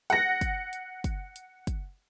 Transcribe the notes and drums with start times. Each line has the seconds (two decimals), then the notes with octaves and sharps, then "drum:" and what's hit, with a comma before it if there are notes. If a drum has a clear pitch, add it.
0.10 F#5 A#6, drum: hi-hat
0.41 drum: kick, hi-hat
0.73 drum: hi-hat
1.04 drum: kick, hi-hat
1.36 drum: hi-hat
1.67 drum: kick, hi-hat